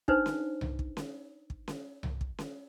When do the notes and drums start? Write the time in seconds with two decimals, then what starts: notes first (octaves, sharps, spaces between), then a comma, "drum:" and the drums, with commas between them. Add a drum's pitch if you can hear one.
0.08 D4 D#4 B4 C5, drum: kick
0.26 drum: snare C#4
0.61 drum: tom C2
0.79 drum: kick
0.97 drum: snare C#4
1.50 drum: kick
1.68 drum: snare C#4
2.03 drum: tom C2
2.21 drum: kick
2.39 drum: snare C#4